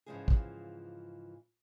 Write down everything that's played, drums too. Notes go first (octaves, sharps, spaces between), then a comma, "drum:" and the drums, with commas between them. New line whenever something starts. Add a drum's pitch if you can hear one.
G#2 C#3 E3 F3 G#3 G#4
drum: kick